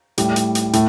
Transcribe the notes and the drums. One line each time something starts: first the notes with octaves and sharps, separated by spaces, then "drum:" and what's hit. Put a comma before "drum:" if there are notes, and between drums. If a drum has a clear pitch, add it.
A2 G3, drum: hi-hat
drum: hi-hat
drum: hi-hat
A2, drum: hi-hat